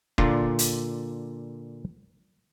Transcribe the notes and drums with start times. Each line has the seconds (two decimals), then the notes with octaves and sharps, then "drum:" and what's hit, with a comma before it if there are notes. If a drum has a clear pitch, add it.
0.18 A#2 D3 D4 F4, drum: kick E1
0.59 drum: hi-hat